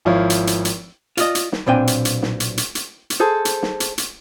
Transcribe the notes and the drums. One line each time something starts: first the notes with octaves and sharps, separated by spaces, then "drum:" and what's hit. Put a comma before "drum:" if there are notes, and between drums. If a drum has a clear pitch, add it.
G#1 F3 E4 C#5 F5
drum: hi-hat
drum: hi-hat
drum: hi-hat
F4 D5 D#5, drum: hi-hat
drum: hi-hat
drum: snare
B1 A#2 C4 D4 G5 G#5
drum: hi-hat
drum: hi-hat
drum: snare
drum: hi-hat
drum: hi-hat
drum: hi-hat
drum: hi-hat
G#4 A4 C5
drum: hi-hat
drum: snare
drum: hi-hat
drum: hi-hat